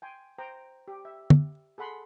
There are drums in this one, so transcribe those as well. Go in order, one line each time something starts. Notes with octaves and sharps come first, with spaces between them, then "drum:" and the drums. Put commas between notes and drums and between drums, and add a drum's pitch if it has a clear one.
G5 G#5 C6
C5 G5 A#5
G4
E5
drum: tom
G#4 A4 F#5 B5 C6